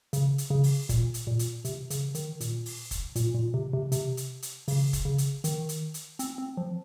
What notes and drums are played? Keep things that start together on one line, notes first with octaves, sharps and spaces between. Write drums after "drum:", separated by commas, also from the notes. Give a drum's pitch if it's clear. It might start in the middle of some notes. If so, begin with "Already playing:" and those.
C#3, drum: hi-hat
drum: hi-hat
C#3
drum: open hi-hat
A#2, drum: kick, hi-hat
drum: hi-hat
A#2
drum: hi-hat
C3, drum: hi-hat
C#3, drum: hi-hat
D#3, drum: hi-hat
A#2, drum: hi-hat
drum: open hi-hat
drum: kick, hi-hat
A#2, drum: hi-hat
A#2
C3
C3
C3, drum: hi-hat
drum: hi-hat
drum: hi-hat
C#3, drum: open hi-hat
drum: kick, hi-hat
C#3
drum: hi-hat
D#3, drum: hi-hat
drum: hi-hat
drum: hi-hat
C4, drum: hi-hat
C4
F3